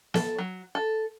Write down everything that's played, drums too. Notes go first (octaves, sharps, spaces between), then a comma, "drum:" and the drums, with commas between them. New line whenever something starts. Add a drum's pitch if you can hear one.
A4, drum: snare
F#3
A4